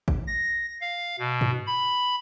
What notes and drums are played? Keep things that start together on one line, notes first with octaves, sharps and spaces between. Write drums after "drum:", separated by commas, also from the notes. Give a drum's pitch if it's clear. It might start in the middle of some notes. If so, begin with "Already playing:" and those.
drum: kick A1
A#6
F5
B2
drum: tom G2
B5